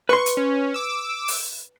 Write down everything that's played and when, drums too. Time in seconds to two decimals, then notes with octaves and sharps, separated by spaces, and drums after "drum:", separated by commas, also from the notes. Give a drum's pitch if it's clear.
0.09 B4 C6 C#6
0.26 drum: hi-hat
0.37 C#4
0.74 D6 E6
1.28 drum: open hi-hat